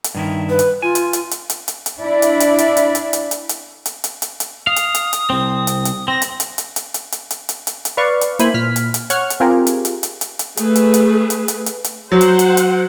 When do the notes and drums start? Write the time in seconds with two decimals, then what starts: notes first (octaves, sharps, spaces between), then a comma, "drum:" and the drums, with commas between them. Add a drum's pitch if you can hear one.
0.04 drum: hi-hat
0.15 G2 D#3 E4
0.50 B4
0.59 drum: hi-hat
0.82 F4 G#5
0.95 drum: hi-hat
1.13 drum: hi-hat
1.31 drum: hi-hat
1.50 drum: hi-hat
1.68 drum: hi-hat
1.86 drum: hi-hat
1.98 D4 E4 D5 E5
2.22 drum: hi-hat
2.40 drum: hi-hat
2.58 drum: hi-hat
2.77 drum: hi-hat
2.95 drum: hi-hat
3.13 drum: hi-hat
3.31 drum: hi-hat
3.49 drum: hi-hat
3.86 drum: hi-hat
4.04 drum: hi-hat
4.22 drum: hi-hat
4.40 drum: hi-hat
4.67 F5 D#6
4.76 drum: hi-hat
4.95 drum: hi-hat
5.13 drum: hi-hat
5.30 C2 C4
5.67 drum: hi-hat
5.85 drum: hi-hat
6.08 C4 A#6
6.22 drum: hi-hat
6.40 drum: hi-hat
6.58 drum: hi-hat
6.76 drum: hi-hat
6.94 drum: hi-hat
7.12 drum: hi-hat
7.31 drum: hi-hat
7.49 drum: hi-hat
7.67 drum: hi-hat
7.85 drum: hi-hat
7.97 B4 D5 F5 C#6
8.21 drum: hi-hat
8.39 A#3 E4 C5 G#5 B5, drum: hi-hat
8.54 A#2 F6 B6
8.76 drum: hi-hat
8.94 drum: hi-hat
9.10 C#5 F#5 C#6 F6, drum: hi-hat
9.30 drum: hi-hat
9.40 C4 F4 G4 G#4 A#4
9.67 drum: hi-hat
9.85 drum: hi-hat
10.03 drum: hi-hat
10.21 drum: hi-hat
10.39 drum: hi-hat
10.57 A3 G#4 B4, drum: hi-hat
10.76 drum: hi-hat
10.94 drum: hi-hat
11.30 drum: hi-hat
11.48 drum: hi-hat
11.66 drum: hi-hat
11.84 drum: hi-hat
12.12 F#3 C5 F#5
12.21 drum: hi-hat
12.39 drum: hi-hat
12.57 drum: hi-hat